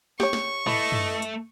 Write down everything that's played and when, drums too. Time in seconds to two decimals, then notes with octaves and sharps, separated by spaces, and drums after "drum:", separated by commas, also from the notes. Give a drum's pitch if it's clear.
0.20 G4 C#5 C#6, drum: snare
0.33 drum: snare
0.67 E3 A3 A4 D#5, drum: tom G#2
0.92 drum: tom
1.22 drum: hi-hat